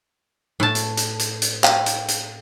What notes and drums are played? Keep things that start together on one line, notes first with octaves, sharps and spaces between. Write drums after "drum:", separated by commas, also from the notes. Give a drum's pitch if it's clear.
A2 A5
drum: hi-hat
drum: hi-hat
drum: hi-hat
drum: hi-hat
F5 G5, drum: clap
drum: hi-hat
drum: hi-hat